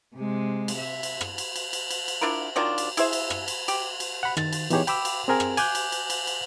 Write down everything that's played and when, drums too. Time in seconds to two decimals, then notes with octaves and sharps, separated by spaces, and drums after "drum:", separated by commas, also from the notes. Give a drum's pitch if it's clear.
0.16 C3 G#3
0.68 drum: cymbal
0.78 E5
1.03 drum: cymbal
1.21 drum: rim click
1.38 drum: cymbal
1.56 drum: cymbal
1.73 drum: cymbal
1.90 drum: cymbal
2.08 drum: cymbal
2.21 D4 E4 F4 A#4
2.56 D#3 F#3 D4 F4
2.78 drum: cymbal
2.97 E4 G#4 C5 E5, drum: cymbal
3.13 drum: cymbal
3.30 drum: rim click
3.48 drum: cymbal
3.68 G4, drum: cymbal
4.00 drum: cymbal
4.23 F#5 B5
4.37 D#3 A6, drum: rim click
4.53 drum: cymbal
4.70 E3 B3 D#4 G4 G#4 C#5, drum: cymbal
4.87 G5 B5 D6 E6, drum: cymbal
5.05 drum: cymbal
5.28 C4 G#4 A#4 G#5
5.40 drum: rim click
5.57 G#5 D6 F#6 G6, drum: cymbal
5.75 drum: cymbal
5.92 drum: cymbal
6.10 drum: cymbal
6.27 drum: cymbal